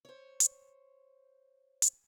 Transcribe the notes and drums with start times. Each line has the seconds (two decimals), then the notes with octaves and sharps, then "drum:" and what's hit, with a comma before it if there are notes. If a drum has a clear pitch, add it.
0.05 C5 C#5
0.40 drum: hi-hat
1.82 drum: hi-hat